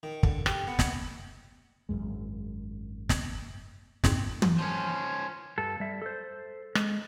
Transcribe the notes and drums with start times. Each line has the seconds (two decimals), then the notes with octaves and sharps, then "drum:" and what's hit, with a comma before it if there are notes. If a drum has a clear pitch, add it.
0.03 D#3
0.23 D3, drum: kick
0.46 G4, drum: rim click
0.68 B3
0.79 drum: snare
1.89 G#1 C#2 F#2 G#3
3.09 drum: snare
4.04 F2 G#2 C4, drum: snare
4.42 drum: tom
4.59 F3 C#4
5.58 G2 A4
5.80 G3 E5
6.02 A4 C5
6.75 G#3, drum: rim click